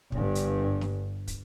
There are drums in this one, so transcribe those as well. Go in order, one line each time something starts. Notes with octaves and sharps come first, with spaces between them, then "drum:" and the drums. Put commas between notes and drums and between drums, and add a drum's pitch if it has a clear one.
G1 G2, drum: kick
drum: hi-hat
drum: snare
drum: kick, hi-hat